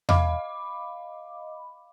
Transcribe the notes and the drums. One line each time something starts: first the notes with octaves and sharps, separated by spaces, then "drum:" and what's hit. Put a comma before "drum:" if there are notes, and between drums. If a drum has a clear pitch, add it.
D#5 F5 B5 D6, drum: tom E2